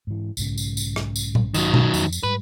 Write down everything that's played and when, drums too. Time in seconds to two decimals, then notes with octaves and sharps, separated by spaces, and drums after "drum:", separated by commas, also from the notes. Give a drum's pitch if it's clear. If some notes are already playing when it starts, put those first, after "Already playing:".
0.07 G#2 E3
0.37 B1 G#2 C#3, drum: tambourine
0.58 drum: tambourine
0.77 drum: tambourine
0.96 drum: rim click
1.16 drum: tambourine
1.35 drum: tom A#2
1.54 D#3 F#3, drum: tambourine
1.74 drum: tom B2
1.94 F2, drum: tambourine
2.13 drum: tambourine
2.23 G#2 G3 B4